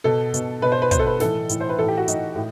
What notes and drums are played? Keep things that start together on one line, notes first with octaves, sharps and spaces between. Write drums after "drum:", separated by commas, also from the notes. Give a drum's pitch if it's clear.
B2 A4
B2, drum: hi-hat
B2 B4
C5
B4
B2 C5, drum: kick, hi-hat
A4
B4
A2 E3 A4, drum: snare
A2 E3, drum: hi-hat
C5
B4
A2 E3 A4
G4
F#4
A2 E3 D#4, drum: hi-hat
A2